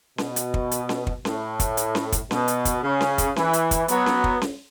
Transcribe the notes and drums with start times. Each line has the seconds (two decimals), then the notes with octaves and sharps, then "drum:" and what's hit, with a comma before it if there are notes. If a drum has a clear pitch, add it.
0.18 B2, drum: snare C#4
0.36 drum: hi-hat
0.54 drum: kick
0.71 drum: hi-hat
0.89 drum: snare C#4
1.07 drum: kick
1.25 A2, drum: snare C#4
1.60 drum: kick, hi-hat
1.77 drum: hi-hat
1.95 drum: snare C#4
2.12 drum: kick, hi-hat
2.31 B2, drum: snare C#4
2.48 drum: hi-hat
2.65 drum: kick, hi-hat
2.83 C#3
3.01 drum: snare C#4
3.18 drum: kick, hi-hat
3.36 E3, drum: snare C#4
3.53 drum: hi-hat
3.71 drum: kick, hi-hat
3.88 F#3 B3, drum: hi-hat
4.06 drum: snare C#4
4.24 drum: kick
4.42 drum: snare C#4